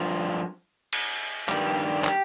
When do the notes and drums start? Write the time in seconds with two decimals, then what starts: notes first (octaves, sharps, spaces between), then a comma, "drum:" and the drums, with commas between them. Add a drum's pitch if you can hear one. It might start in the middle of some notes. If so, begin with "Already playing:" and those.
Already playing: G2 F3
0.93 drum: cymbal
1.49 G2 D#3 G3 G4, drum: clap
2.04 drum: clap